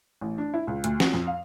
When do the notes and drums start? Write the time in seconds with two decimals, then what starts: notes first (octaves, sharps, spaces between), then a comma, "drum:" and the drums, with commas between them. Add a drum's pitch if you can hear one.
0.21 A1
0.38 D4
0.54 E4
0.67 C#2
0.84 D2, drum: hi-hat
1.00 F#4, drum: snare
1.13 F2
1.27 F5